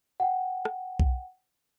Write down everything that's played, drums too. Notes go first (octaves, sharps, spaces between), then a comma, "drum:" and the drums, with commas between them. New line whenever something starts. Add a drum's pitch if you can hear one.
F#5 G5
drum: rim click
drum: kick B1